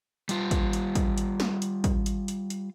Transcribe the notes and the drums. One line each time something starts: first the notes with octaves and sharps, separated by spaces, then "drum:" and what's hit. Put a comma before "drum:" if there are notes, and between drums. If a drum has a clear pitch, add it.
G3 F4, drum: hi-hat
drum: kick, hi-hat
drum: hi-hat
drum: kick, hi-hat
drum: hi-hat
drum: snare
drum: hi-hat
drum: kick, hi-hat
drum: hi-hat
drum: hi-hat
drum: hi-hat